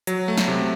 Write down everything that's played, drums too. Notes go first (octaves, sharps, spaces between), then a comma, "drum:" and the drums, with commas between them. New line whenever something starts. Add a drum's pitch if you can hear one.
F#3, drum: hi-hat
A3
drum: snare
C3